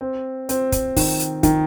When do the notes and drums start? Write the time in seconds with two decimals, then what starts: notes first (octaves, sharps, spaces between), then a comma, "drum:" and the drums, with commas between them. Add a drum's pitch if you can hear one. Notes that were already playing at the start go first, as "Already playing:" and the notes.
0.01 C4
0.49 C4, drum: hi-hat
0.72 drum: kick, hi-hat
0.96 D#3, drum: kick, open hi-hat
1.19 drum: hi-hat
1.43 D#3, drum: kick, hi-hat